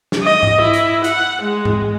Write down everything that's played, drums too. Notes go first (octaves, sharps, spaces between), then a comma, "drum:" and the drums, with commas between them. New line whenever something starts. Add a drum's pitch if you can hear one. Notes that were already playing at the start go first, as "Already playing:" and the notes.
drum: snare
D#5
drum: tom G#2
E4
drum: hi-hat
F#5, drum: hi-hat
G#3
drum: tom G#2